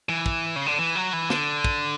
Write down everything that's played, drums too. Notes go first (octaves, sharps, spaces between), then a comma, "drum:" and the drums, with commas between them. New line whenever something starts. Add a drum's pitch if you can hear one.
E3
drum: kick
C#3
D3
E3
F#3
E3
D3, drum: snare
drum: kick